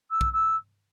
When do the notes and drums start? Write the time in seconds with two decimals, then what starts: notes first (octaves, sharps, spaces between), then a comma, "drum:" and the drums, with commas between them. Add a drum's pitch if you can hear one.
0.10 E6
0.21 drum: kick
0.33 E6